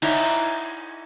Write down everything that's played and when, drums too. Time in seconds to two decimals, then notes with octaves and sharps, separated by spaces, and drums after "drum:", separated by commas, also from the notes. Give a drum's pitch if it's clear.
0.02 D#4 E4 C#5 D5, drum: cymbal